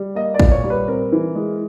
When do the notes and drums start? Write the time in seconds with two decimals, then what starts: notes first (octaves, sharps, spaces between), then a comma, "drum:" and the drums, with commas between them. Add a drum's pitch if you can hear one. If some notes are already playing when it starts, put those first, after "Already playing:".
Already playing: G3
0.15 A#3 D#5
0.34 D5
0.40 A#2, drum: kick
0.52 C#5
0.64 G3
0.70 B4
0.88 C4 A#4
1.12 E3
1.35 G#3